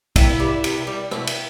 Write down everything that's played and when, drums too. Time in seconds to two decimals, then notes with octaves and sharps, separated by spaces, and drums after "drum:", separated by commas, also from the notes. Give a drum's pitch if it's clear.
0.16 C3 E4, drum: kick B1, cymbal
0.40 G3
0.64 C3, drum: cymbal
0.87 G3
1.11 B2 E4, drum: rim click
1.27 drum: cymbal